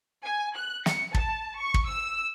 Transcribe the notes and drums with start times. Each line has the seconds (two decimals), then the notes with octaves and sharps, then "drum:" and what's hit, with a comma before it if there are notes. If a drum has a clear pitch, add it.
0.21 G#5
0.55 F#6
0.86 C#7, drum: snare
1.14 A5, drum: kick
1.58 C#6
1.74 drum: kick
1.88 E6